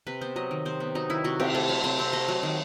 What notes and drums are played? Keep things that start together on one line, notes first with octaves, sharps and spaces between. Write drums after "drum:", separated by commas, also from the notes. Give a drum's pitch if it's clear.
C3 B4
B3 C5
F#3 D#5
D#3
C3 C5
B3
F#3 D#4
D#3 E4
C3 F#4
C4 G4, drum: cymbal
A3 A4
F#3
C3 C5
C4
A3 D#5
F#3
D#3